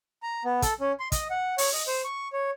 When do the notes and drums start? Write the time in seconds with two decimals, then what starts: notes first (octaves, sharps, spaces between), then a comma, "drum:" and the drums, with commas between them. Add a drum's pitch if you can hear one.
0.23 A#5
0.45 B3
0.62 A4, drum: kick, hi-hat
0.81 C#4
1.00 C6
1.12 D#5, drum: kick, hi-hat
1.31 F#5
1.58 C#5, drum: open hi-hat
1.73 D#5
1.87 C5
2.04 C#6
2.33 C#5